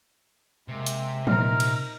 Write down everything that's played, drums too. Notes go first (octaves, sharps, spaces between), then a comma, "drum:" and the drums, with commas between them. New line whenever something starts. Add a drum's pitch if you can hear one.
C3 G#3 A#3
drum: hi-hat
A#2 D#4 A#4 F6, drum: tom E3
drum: cymbal